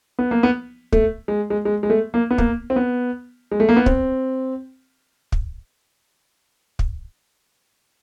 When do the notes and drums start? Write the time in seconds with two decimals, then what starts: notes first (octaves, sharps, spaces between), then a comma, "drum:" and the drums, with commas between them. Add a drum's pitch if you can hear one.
0.19 B3
0.31 A#3
0.43 B3
0.92 A3, drum: kick
1.28 G#3
1.50 G#3
1.65 G#3
1.83 G#3
1.90 A3
2.14 A#3
2.31 B3
2.38 A#3, drum: kick
2.70 C4
2.76 B3
3.51 G#3
3.60 A3
3.69 A#3
3.76 B3
3.86 C4, drum: kick
5.32 drum: kick
6.79 drum: kick